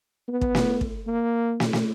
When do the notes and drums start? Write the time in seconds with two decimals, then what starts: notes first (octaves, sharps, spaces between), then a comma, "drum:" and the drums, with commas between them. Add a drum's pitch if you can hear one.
0.28 B3
0.41 drum: kick
0.55 drum: snare
0.81 drum: kick
1.07 A#3
1.60 drum: snare
1.73 drum: snare